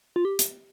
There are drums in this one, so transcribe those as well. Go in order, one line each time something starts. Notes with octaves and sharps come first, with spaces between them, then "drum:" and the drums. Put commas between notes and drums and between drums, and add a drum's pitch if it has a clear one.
F4
G4
drum: hi-hat